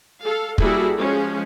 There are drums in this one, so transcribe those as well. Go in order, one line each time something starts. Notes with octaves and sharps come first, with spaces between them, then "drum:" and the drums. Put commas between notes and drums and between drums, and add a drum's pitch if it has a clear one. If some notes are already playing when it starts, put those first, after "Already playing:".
A4 F5
G3 A#3 E4 F#4 G#4 A4, drum: kick
F3 G#3 C#4